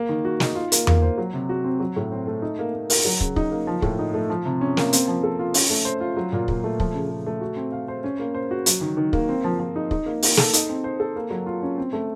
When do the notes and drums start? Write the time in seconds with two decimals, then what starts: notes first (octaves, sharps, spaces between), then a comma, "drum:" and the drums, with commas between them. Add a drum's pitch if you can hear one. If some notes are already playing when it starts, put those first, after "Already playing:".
Already playing: A#3
0.09 D#3
0.25 F#4
0.40 D#4, drum: snare
0.55 F4
0.72 A#3, drum: hi-hat
0.87 A#3, drum: tom E2
1.02 C5
1.18 F#3
1.33 C3
1.49 F#4
1.64 C4
1.80 F#3
1.96 A2
2.12 C4
2.27 A3
2.42 D#4
2.59 A#3
2.74 A#3
2.90 A#4, drum: open hi-hat
3.05 F#3
3.21 C#3, drum: kick
3.36 D#4, drum: kick
3.51 A#3
3.67 F3
3.82 A2, drum: kick
3.99 D#4
4.14 A3
4.30 F3
4.45 C3
4.61 C#4
4.77 A#3, drum: snare
4.93 C4, drum: hi-hat
5.08 F3
5.23 A4
5.39 F4
5.54 C#4, drum: open hi-hat
5.70 A3
5.85 C5
6.01 F4
6.16 F#3
6.33 A#2
6.48 A#2, drum: kick
6.64 A3
6.80 F3, drum: kick
6.94 C#3
7.10 C#3
7.26 A3
7.41 F#4
7.57 C4
7.72 F5
7.88 C5
8.04 C#4
8.19 A#3
8.34 C5
8.51 F#4
8.66 F#3, drum: hi-hat
8.81 D#3
8.97 D#3
9.13 A#3, drum: kick
9.29 C4
9.44 F3
9.60 F3
9.76 D#4
9.91 D#4, drum: kick
10.06 A#3
10.22 A#3, drum: open hi-hat
10.37 A4, drum: snare
10.53 D#4, drum: hi-hat
10.69 C4
10.84 C5
11.00 A4
11.16 A#3
11.30 F#3
11.46 F4
11.63 C#4
11.78 C4
11.93 A3